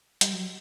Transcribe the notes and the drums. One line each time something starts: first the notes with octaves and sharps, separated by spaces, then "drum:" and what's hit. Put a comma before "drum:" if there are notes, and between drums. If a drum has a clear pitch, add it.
G3, drum: hi-hat
F#3